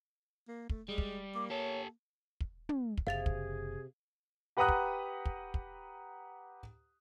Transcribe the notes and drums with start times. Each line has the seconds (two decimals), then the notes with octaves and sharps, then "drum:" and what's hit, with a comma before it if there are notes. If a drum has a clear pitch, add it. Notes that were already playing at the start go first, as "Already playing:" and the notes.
0.48 A#3
0.69 A3, drum: kick
0.88 G3 G#3
0.98 drum: kick
1.35 A#3 D6
1.50 G4 A4 C#5
2.40 drum: kick
2.69 drum: tom
2.97 drum: kick
3.07 F#1 C3 G#4 F5 A6 F7
3.26 drum: kick
4.57 G4 B4 F#5 A#5 D#6 F#6
4.68 drum: kick
5.25 drum: kick
5.54 drum: kick